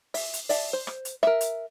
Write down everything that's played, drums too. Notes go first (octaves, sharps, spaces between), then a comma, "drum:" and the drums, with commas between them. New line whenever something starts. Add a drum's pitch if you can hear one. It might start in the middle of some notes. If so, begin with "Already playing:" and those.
E5, drum: open hi-hat
drum: hi-hat
D5 E5 A5, drum: open hi-hat
C5
drum: rim click
drum: hi-hat
A#4 E5, drum: rim click
drum: hi-hat